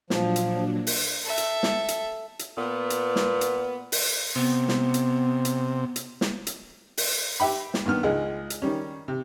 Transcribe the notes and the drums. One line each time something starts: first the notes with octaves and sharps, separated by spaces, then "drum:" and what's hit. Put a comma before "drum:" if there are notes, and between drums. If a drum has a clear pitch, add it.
A#2 F3 F#3 D4, drum: snare
drum: hi-hat
drum: open hi-hat
A4 E5
drum: hi-hat
drum: snare
drum: hi-hat
drum: hi-hat
A#2 B3
drum: hi-hat
drum: snare
drum: hi-hat
drum: open hi-hat
C3 B3
drum: snare
drum: hi-hat
drum: hi-hat
drum: hi-hat
drum: snare
drum: hi-hat
drum: open hi-hat
G4 E5 G5 B5
drum: snare
G2 D#3 B3 F6
C#2 G#3 D#4 G#4
drum: hi-hat
D#3 G3 C#4
C3